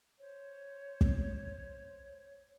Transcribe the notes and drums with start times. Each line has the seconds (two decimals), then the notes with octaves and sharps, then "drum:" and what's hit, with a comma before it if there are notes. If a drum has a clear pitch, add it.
0.20 C5 C#5
1.01 drum: kick